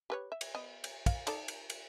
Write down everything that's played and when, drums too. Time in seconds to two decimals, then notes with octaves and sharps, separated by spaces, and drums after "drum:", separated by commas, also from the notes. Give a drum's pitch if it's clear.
0.10 G4 B4 C#5
0.32 E5
0.41 drum: cymbal
0.55 B3 D#5
0.84 drum: cymbal
1.06 F5, drum: kick, cymbal
1.27 D#4 A4 D5, drum: cymbal
1.48 drum: cymbal
1.70 drum: cymbal